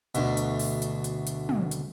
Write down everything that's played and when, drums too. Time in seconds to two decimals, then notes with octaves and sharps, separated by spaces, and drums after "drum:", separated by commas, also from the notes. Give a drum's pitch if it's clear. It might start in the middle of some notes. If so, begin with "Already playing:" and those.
0.15 D2 B2, drum: hi-hat
0.37 drum: hi-hat
0.59 drum: open hi-hat
0.82 drum: hi-hat
1.04 drum: hi-hat
1.27 drum: hi-hat
1.49 drum: tom
1.71 drum: hi-hat